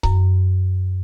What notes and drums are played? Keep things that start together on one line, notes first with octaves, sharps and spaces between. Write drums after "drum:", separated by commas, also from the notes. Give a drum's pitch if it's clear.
F#2, drum: kick C#1